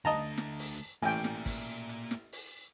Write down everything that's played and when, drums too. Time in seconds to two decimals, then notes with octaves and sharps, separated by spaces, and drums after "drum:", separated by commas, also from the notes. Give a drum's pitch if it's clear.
0.05 D3 A3 D#5 A5 A#5
0.38 drum: snare
0.59 drum: open hi-hat
1.03 A1 A#3 D5 G5 G#5, drum: hi-hat
1.24 drum: snare
1.46 drum: kick, open hi-hat
1.89 drum: hi-hat
2.11 drum: snare
2.33 drum: open hi-hat